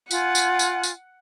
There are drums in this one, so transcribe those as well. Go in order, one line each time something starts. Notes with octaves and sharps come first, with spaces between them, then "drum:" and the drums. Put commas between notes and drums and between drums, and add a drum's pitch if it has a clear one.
F4 F#5 G#5, drum: tambourine
drum: tambourine
drum: tambourine
drum: tambourine